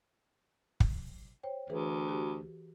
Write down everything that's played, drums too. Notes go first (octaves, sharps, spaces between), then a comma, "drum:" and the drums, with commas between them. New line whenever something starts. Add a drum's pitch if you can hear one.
drum: kick
C5 C#5 G5
D2 E3 G#4 B4
F#4 G4